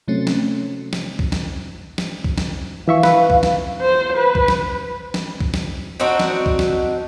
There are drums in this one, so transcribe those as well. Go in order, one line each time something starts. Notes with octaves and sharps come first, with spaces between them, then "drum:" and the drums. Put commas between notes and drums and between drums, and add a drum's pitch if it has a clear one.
C3 F#3 A3 C4 C#4
drum: snare
drum: snare
drum: kick B1
drum: snare
drum: snare
drum: kick B1
drum: snare
E3 E5 F5 C#6
B4, drum: snare
drum: kick B1
drum: snare
C5
B4
drum: kick B1
drum: snare
drum: snare
drum: kick B1
drum: snare
C4 D4 D#4 F#4
drum: snare
drum: kick B1
drum: snare